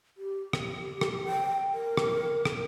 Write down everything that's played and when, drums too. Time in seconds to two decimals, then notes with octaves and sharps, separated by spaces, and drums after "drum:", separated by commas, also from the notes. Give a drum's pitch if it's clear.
0.17 G4
0.53 drum: rim click
1.01 drum: rim click
1.25 G5
1.73 A#4
1.97 drum: rim click
2.45 drum: rim click